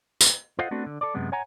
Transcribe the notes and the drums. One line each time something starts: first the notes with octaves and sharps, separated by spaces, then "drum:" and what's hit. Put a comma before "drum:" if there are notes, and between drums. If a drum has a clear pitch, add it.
drum: tambourine
F4 A4 C5 D#5 F5 F#5
A3 B3 C4 D4 F#4 A4
D3
A4 D5
F#2 C3 G#3 B3
C#5 F#5 G#5 A#5